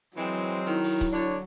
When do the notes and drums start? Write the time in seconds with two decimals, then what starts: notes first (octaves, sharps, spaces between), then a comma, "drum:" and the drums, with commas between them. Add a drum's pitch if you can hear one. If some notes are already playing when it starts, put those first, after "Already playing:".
0.17 E3 F#3 G#3 C4
0.67 D#3 E4, drum: hi-hat
0.84 drum: open hi-hat
1.01 drum: kick C#1, hi-hat
1.13 D3 D4 C#5